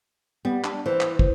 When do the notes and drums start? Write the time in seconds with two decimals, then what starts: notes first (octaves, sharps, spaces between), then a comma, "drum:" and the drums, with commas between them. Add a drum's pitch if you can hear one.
0.45 G3 B3
0.64 D4, drum: clap
0.86 E3 C5
1.01 drum: clap
1.19 drum: kick